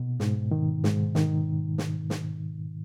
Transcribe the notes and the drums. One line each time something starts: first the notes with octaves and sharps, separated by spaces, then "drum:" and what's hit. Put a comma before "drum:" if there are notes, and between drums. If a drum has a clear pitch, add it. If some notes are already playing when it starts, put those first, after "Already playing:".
Already playing: B2
G#2, drum: snare
D#3
G#2, drum: snare
D#3, drum: snare
drum: snare
drum: snare